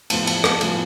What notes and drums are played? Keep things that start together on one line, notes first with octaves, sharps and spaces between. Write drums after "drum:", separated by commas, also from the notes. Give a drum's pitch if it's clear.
A2 F3 B3 F4 A5, drum: cymbal
A5, drum: cymbal
G#5, drum: rim click
A2 F3 B3 F4, drum: cymbal